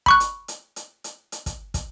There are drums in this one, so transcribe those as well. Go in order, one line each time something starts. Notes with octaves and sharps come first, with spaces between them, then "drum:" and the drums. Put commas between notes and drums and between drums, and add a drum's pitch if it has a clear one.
B5 C#6 F#6, drum: kick
drum: hi-hat
drum: hi-hat
drum: hi-hat
drum: hi-hat
drum: hi-hat
drum: kick, hi-hat
drum: kick, hi-hat